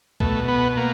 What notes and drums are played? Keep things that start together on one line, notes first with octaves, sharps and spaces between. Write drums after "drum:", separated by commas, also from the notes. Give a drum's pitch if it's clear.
B2 A3, drum: kick C2
B3
A#3